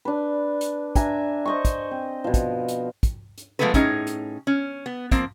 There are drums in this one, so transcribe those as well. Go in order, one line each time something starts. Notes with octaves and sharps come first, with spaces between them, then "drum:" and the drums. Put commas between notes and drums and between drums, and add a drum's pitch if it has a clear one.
D4 B4
drum: hi-hat
D4 E5 G#5 A#5, drum: kick, hi-hat
C5 D#5 C#6
drum: kick, hi-hat
C4
B2 F3
drum: kick, hi-hat
drum: hi-hat
drum: kick, hi-hat
drum: hi-hat
F3 G#3 A3 B3 A4 B4
A2 C#4 D#4 G#4, drum: kick, hi-hat
drum: hi-hat
C#4
B3
F3 A#3 C4, drum: kick, hi-hat